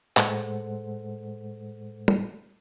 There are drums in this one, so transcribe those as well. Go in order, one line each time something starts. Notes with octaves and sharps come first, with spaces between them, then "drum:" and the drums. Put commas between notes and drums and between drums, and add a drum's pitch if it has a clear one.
A2 G#3 A4 C5 F#5, drum: clap
drum: tom G3